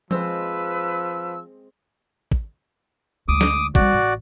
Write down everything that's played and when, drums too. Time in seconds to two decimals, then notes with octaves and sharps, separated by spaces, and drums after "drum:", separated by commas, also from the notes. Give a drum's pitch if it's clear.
0.11 F3 G#3 C4 B4 C5 E6, drum: tom F3
2.32 drum: kick
3.28 D2 G#3 D6 D#6
3.41 drum: snare
3.75 G3 C4 F#4 D5, drum: kick
3.92 A1